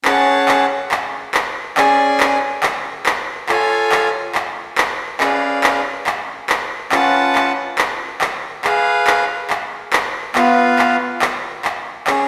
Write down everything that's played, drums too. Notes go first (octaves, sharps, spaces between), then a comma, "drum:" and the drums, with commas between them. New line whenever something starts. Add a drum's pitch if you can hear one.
C#4 G#4 C#5 F#5 A5, drum: clap
drum: clap
drum: clap
drum: clap
C#4 G#4 D5 G#5, drum: clap
drum: clap
drum: clap
drum: clap
F4 A4 C#5 F5 G#5, drum: clap
drum: clap
drum: clap
drum: clap
C#4 G#4 B4 D5 F5, drum: clap
drum: clap
drum: clap
drum: clap
C#4 F4 B4 F#5 A5, drum: clap
drum: clap
drum: clap
drum: clap
G#4 B4 F5, drum: clap
drum: clap
drum: clap
drum: clap
B3 F4 B4 F5, drum: clap
drum: clap
drum: clap
drum: clap
C#4 G#4 C#5, drum: clap